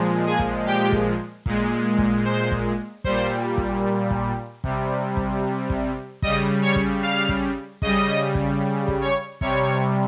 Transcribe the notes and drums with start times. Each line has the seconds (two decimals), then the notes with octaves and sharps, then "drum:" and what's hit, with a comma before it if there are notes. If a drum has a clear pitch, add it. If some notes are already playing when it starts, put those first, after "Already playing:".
Already playing: A#2 F3 G#3
0.26 G#4 G#5
0.39 drum: kick
0.66 G4 G5
0.92 drum: kick
1.46 A#2 G#3, drum: kick
1.99 drum: kick
2.25 C5
2.52 drum: kick
3.04 A#2 G3 C5, drum: kick
3.58 drum: kick
4.11 drum: kick
4.64 C3 G3, drum: kick
5.17 drum: kick
5.70 drum: kick
6.22 C#3 G3 D#5 D#6, drum: kick
6.62 C#5 C#6
6.76 drum: kick
7.02 F5 F6
7.29 drum: kick
7.82 C#3 G3 D#5 D#6, drum: kick
8.35 drum: kick
8.88 drum: kick
9.01 C#5 C#6
9.41 C3 G3 C#5 C#6, drum: kick